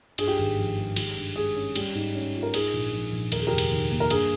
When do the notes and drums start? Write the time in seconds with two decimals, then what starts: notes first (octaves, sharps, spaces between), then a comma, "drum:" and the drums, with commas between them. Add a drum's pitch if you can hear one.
0.18 G2 G#4, drum: cymbal
0.28 G4
0.37 G#1 G#4
0.58 F3
0.77 G#3
0.96 D#3 G4, drum: cymbal
1.16 G2
1.36 G#3 G#4
1.56 C#4
1.76 G3, drum: cymbal
1.95 G#2
2.15 C#4
2.34 F4
2.43 A#4
2.54 G#2 G#4, drum: cymbal
2.73 A#1
2.93 F3
3.12 A#1
3.32 D#2 A#4, drum: cymbal
3.40 G#4
3.47 F1 G4 A#4
3.58 drum: cymbal
3.72 D#3
3.91 A#3
4.00 A#4
4.10 G2 G#4, drum: cymbal